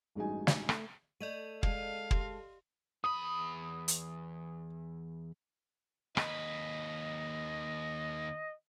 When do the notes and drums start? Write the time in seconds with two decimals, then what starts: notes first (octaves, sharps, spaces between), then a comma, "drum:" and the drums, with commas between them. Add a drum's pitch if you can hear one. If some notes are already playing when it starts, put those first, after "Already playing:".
0.15 A1 G2 G#3 D#4 F#4 G#5
0.47 drum: snare
0.69 A3, drum: rim click
1.20 A3 D5 D#5 D#7
1.63 G#3 A4 F5, drum: kick
2.11 G4, drum: kick
3.04 E2 B5 D#6
3.88 drum: hi-hat
6.17 D#2 B4 D#5, drum: rim click